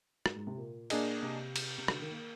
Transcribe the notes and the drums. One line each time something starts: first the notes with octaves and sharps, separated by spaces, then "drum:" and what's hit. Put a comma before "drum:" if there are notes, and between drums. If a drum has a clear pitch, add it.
G#2, drum: rim click
G#2
C3
A#2
A#3 D4 G#4 D#5, drum: cymbal
C3
drum: cymbal
C3
D3, drum: rim click
D#3
A#3